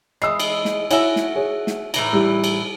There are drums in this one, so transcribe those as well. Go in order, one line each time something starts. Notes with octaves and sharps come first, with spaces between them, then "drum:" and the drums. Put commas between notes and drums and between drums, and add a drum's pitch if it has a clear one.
E3 G#3 D#6 E6 C7
drum: cymbal
drum: snare
E4 F#4 C#5 E5 G#5, drum: cymbal
drum: snare
G#4 C#5
drum: snare
A2 E3 A#5, drum: cymbal
G3 E4
drum: cymbal